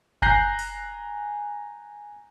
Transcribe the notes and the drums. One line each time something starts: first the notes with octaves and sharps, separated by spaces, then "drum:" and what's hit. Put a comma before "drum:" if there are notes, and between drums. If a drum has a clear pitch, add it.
G#5 A#5 F#6 G6 A#6 C7, drum: kick F#1
drum: open hi-hat